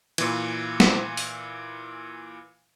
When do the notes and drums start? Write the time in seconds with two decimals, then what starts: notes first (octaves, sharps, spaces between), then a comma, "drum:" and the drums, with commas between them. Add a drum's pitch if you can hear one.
0.18 A#2 E3, drum: cymbal
0.80 drum: snare
1.17 drum: open hi-hat